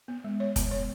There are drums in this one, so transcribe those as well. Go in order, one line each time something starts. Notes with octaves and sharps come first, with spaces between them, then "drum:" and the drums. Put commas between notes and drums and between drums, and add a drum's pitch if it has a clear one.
B3
G#3
C#5
B3, drum: kick, hi-hat
C#5